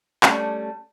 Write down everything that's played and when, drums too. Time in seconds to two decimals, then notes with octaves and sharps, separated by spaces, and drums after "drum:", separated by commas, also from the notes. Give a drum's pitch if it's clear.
0.23 G3 A3 C#4, drum: clap